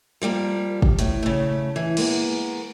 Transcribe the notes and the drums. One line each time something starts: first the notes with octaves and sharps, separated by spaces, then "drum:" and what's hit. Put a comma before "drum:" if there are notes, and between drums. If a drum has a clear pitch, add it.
F3 G3 G#3 A#3
drum: kick
A2, drum: hi-hat
C#3 A3
E3
G#3 A#3 B3, drum: cymbal